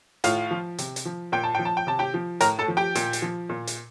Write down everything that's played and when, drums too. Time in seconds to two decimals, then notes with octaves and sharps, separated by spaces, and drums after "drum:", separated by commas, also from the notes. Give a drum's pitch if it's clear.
0.24 A2 F4 F5, drum: hi-hat
0.51 F3
0.78 C3, drum: hi-hat
0.96 drum: hi-hat
1.05 F3
1.32 A#2 G5
1.44 A5
1.55 F3 G5
1.65 A5
1.77 G5
1.87 C3 A5
1.99 G4 G5
2.14 F3
2.40 A2 A#4 A#5, drum: hi-hat
2.59 A4 A5
2.68 F3
2.77 G4 G5
2.95 A#2, drum: hi-hat
3.13 drum: hi-hat
3.22 F3
3.49 A#2
3.67 drum: hi-hat